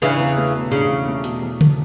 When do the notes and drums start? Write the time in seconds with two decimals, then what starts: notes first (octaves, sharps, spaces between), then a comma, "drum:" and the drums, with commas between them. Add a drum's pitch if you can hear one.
0.02 C#3 E3 D4
0.19 E2
0.38 A3
0.55 B2
0.71 C#3 D4
0.90 E2
1.08 A3
1.24 B2, drum: hi-hat
1.42 E2
1.61 drum: tom C#3